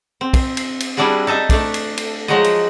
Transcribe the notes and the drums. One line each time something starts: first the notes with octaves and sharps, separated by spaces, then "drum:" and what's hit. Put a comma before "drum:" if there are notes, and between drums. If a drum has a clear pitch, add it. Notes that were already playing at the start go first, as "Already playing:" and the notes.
C4
drum: kick, cymbal
drum: cymbal
drum: cymbal
G3 D4 E4 F#4 G#4
D#4 A4 D#5 E5
A3 D4, drum: kick, cymbal
drum: cymbal
drum: cymbal
F3 F#3 G#3 D#4 F#4 D#5
drum: cymbal